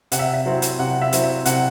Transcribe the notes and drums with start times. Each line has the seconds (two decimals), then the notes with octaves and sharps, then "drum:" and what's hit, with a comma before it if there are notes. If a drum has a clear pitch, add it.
0.12 C3 F#5, drum: hi-hat
0.19 E5
0.34 E5
0.46 F#3 C4 E4
0.62 drum: hi-hat
0.79 C3 F#5
1.02 E5
1.13 F#3 C4 E4, drum: hi-hat
1.23 E5
1.45 C3 F#5, drum: hi-hat